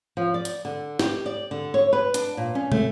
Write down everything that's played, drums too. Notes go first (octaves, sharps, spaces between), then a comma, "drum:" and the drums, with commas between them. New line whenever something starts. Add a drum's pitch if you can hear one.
F3
D5
drum: hi-hat
D3
G4, drum: snare
D5
D3
C#5
B4
D4, drum: hi-hat
A#2
C#4
A3, drum: tom